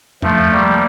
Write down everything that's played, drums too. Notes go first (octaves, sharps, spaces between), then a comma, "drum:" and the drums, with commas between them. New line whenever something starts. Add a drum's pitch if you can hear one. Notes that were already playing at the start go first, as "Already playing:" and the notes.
F3 A3, drum: tom E2
G3 A#3